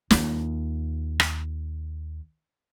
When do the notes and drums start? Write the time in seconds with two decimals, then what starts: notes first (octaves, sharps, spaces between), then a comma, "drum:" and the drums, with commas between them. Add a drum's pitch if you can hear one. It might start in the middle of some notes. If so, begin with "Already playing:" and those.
0.11 D#2 F4, drum: snare
1.20 drum: rim click